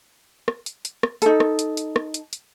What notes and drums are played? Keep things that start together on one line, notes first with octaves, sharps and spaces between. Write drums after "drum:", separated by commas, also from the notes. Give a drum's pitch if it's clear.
drum: rim click
drum: hi-hat
drum: hi-hat
drum: rim click
D#4 A4, drum: hi-hat
drum: rim click
drum: hi-hat
drum: hi-hat
drum: rim click
drum: hi-hat
drum: hi-hat